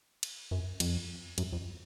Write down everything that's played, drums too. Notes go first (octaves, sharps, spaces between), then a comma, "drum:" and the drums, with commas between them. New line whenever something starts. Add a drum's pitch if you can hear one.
drum: cymbal
F#2
F2, drum: cymbal
F#2, drum: cymbal
F2